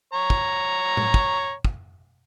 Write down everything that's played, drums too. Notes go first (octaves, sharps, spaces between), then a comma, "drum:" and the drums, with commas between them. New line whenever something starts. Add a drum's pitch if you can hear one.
C#5 A#5
drum: kick
drum: tom A2
drum: kick
drum: kick